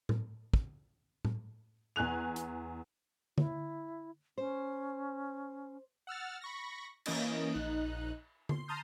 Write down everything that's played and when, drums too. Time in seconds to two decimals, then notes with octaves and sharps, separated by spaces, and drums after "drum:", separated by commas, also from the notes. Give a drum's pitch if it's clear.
0.09 drum: tom A2
0.54 drum: kick
1.25 drum: tom A2
1.96 E2 G#5 F#6 F7
2.36 drum: hi-hat
3.38 E4, drum: tom D3
4.38 C#4 C5
6.07 F#5 E6 F6 A6
6.41 B5 C#6 A#6
7.06 E3 A#3 C#4 D#5 D7, drum: cymbal
7.54 A#1 D#4 F#6
8.49 C6, drum: tom D3
8.68 A5 A#5 C6 D#6 F6 G6